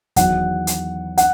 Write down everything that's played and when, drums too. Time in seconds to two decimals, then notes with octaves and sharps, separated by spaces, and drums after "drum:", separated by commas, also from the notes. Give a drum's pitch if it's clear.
0.16 E2 D#3 F#3 F#5, drum: kick, hi-hat
0.67 drum: hi-hat
1.18 F#5, drum: hi-hat